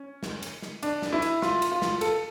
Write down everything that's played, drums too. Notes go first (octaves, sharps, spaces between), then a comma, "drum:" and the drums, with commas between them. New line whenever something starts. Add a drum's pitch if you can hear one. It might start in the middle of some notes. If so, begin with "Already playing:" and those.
Already playing: C#4
drum: snare
drum: cymbal
drum: snare
D4, drum: cymbal
drum: snare
E4
drum: cymbal
F4, drum: snare
drum: cymbal
F4
drum: snare
A4, drum: cymbal